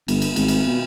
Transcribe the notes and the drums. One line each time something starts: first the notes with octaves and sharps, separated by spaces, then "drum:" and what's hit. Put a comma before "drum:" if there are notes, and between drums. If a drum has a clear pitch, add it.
G1, drum: cymbal
drum: cymbal
G#1, drum: cymbal
drum: cymbal
B2